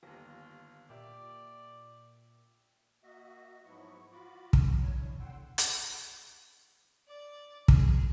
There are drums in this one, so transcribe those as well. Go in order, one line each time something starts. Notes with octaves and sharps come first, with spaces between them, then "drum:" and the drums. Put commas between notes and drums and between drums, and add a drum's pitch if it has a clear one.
G1 D#2 F4 A#6
A#2 G4 D5 E5
A#3 F#4 D#5 E5
G#2 F3 F#3 B3 E4 C#6
F4 F#4 B5 D6
drum: kick
F#3 D4 E4 C#5
E2 D3 F#5 G5 C6 E6
drum: hi-hat
D5
G#4, drum: kick